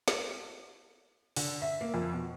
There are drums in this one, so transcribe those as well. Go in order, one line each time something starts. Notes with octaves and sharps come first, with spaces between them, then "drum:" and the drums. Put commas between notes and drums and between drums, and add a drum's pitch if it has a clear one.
drum: snare
D3, drum: open hi-hat
E5
A#3
F2
B2